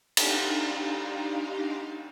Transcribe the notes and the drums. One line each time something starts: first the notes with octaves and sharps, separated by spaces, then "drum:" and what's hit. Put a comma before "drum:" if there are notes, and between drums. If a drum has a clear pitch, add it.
D4 D#4 G4 F5 A#5 C6, drum: cymbal